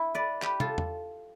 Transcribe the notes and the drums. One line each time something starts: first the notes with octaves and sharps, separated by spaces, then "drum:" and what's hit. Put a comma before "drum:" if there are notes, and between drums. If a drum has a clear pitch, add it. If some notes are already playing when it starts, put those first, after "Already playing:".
Already playing: E4
B4 D5
G4 B4, drum: clap
F4 A4, drum: tom
drum: tom E2